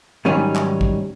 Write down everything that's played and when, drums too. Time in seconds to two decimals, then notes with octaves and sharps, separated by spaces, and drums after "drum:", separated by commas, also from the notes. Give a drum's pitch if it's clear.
0.25 G#2 D#3 F#3 G3 C#4
0.55 drum: clap
0.81 drum: kick